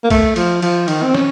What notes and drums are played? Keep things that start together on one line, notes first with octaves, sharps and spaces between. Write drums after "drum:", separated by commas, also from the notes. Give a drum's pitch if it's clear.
A#3
A3, drum: kick, cymbal
F3, drum: cymbal
F3, drum: cymbal
D#3, drum: cymbal
C4
C#4, drum: snare